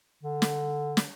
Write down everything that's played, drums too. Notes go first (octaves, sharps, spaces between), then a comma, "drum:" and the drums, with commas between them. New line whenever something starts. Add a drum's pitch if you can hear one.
D3
drum: snare
drum: snare